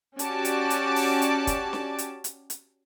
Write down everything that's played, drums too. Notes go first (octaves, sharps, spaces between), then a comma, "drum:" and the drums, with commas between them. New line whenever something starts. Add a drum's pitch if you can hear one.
C#4 F#4 G4 D5 A5 D6, drum: hi-hat
drum: hi-hat
drum: hi-hat
drum: open hi-hat
drum: hi-hat
drum: kick, hi-hat
drum: snare
drum: hi-hat
drum: hi-hat
drum: hi-hat